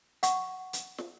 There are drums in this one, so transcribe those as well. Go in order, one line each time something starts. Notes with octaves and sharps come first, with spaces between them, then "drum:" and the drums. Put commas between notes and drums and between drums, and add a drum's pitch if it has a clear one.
F#5 C#6, drum: hi-hat
drum: hi-hat
drum: snare